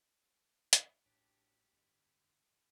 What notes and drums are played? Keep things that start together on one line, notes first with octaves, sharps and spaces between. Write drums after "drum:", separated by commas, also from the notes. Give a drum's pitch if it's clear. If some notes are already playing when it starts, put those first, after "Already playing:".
drum: hi-hat
A1 D4 F#4 G4 F#6 A6
G1 F2 D3